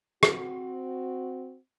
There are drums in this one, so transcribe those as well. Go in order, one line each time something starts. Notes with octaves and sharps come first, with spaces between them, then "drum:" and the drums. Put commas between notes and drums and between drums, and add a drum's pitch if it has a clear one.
C4 F#4, drum: rim click